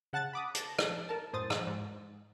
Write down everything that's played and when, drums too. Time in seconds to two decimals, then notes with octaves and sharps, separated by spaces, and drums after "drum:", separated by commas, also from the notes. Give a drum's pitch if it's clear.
0.13 C#3 F#5 A5 F#6 A6
0.33 B5 D6 D#6
0.55 A5 A6 A#6, drum: hi-hat
0.79 drum: rim click
1.09 A#4 A5
1.33 F#2 A2 C5 D#6 A6
1.50 drum: rim click
1.67 G#2